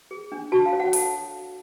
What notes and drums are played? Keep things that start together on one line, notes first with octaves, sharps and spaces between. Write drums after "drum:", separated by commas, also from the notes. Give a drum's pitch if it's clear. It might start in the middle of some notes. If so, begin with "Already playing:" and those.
G#4
D4
F#4 A5
F5
C#5
F#5
A4 A5, drum: open hi-hat